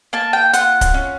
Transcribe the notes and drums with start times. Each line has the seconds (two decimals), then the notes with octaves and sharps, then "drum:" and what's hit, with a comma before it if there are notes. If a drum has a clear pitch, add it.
0.13 A#3 A5
0.33 G5
0.53 F4 F#5, drum: hi-hat
0.81 drum: kick D1, hi-hat
0.94 C#4